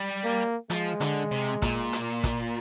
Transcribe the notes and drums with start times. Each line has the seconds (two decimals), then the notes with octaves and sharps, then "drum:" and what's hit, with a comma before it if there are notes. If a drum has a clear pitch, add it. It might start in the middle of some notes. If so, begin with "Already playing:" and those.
Already playing: G3
0.24 A#3
0.70 F3 G#3, drum: hi-hat
1.01 D3, drum: hi-hat
1.32 C3
1.62 A#2, drum: kick, hi-hat
1.93 drum: hi-hat
2.24 drum: kick, hi-hat